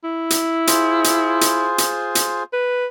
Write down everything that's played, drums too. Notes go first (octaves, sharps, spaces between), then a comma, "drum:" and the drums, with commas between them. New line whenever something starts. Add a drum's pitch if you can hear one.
E4
drum: hi-hat
F4 G#4 C5, drum: hi-hat
drum: hi-hat
drum: hi-hat
drum: hi-hat
drum: hi-hat
B4